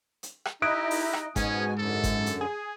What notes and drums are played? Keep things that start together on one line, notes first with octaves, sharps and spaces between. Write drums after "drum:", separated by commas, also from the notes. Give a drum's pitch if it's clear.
drum: hi-hat
drum: rim click
D#4 E4 G4 D#5 D#6 F#6 D7
drum: open hi-hat
drum: rim click
G#2 B2 B3 C#4 G#5, drum: kick G1, hi-hat
F#2 D3 A4
drum: kick G1, hi-hat
drum: hi-hat
G#4